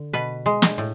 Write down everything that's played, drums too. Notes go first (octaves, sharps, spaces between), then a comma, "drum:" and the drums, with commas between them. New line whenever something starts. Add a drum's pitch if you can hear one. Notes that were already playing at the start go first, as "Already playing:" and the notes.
Already playing: D3
B2 B4
G#3
drum: snare
A2